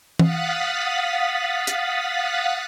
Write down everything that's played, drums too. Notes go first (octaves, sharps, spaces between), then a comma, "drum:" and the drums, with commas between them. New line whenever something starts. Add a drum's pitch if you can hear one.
F5 F#5 D#6 F#6 A6 B6, drum: tom E3
drum: hi-hat